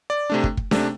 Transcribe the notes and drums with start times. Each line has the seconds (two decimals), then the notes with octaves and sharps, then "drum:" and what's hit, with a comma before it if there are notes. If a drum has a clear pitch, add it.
0.10 D5
0.30 C3 A3 D4
0.44 drum: kick
0.57 drum: kick
0.71 C3 A3 D4, drum: snare C#4